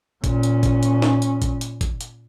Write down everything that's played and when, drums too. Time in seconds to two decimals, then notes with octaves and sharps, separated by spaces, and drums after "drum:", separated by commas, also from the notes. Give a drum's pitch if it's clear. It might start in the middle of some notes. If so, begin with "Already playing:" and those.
0.24 A#2 C#4, drum: kick G1, hi-hat
0.43 drum: hi-hat
0.63 drum: kick G1, hi-hat
0.83 drum: hi-hat
1.02 drum: snare
1.22 drum: hi-hat
1.42 drum: kick G1, hi-hat
1.61 drum: hi-hat
1.81 drum: kick G1, hi-hat
2.01 drum: hi-hat